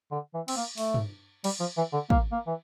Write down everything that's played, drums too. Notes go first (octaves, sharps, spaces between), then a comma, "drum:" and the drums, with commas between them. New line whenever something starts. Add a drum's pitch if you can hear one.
D3
E3
C4, drum: cymbal
A#3
A3, drum: open hi-hat
drum: tom G2
G3, drum: cymbal
F3
E3
D3
A#3, drum: kick
A#3
E3